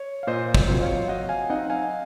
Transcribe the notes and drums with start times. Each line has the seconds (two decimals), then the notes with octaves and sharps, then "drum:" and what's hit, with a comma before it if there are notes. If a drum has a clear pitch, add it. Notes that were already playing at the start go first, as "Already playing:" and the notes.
Already playing: C#5
0.23 F5
0.27 A#2 C5 D#5
0.55 C5 D#5, drum: kick
0.68 F#3 C4 F4
0.82 C#5 F5
1.08 F#3 D#5 F#5
1.29 F5 G#5
1.49 C4 D#4 D#5 F#5
1.70 F5 G#5